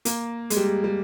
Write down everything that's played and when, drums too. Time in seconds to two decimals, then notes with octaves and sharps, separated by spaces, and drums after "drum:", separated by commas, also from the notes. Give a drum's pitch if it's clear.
0.05 A#3, drum: hi-hat
0.50 G#3, drum: hi-hat
0.57 G3
0.65 G#3
0.84 G3